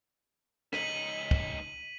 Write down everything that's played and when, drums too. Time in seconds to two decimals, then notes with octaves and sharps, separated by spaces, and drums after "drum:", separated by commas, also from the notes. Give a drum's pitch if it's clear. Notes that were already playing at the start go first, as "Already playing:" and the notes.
0.73 C#2 D#4 B6 D#7 F#7, drum: rim click
1.31 drum: kick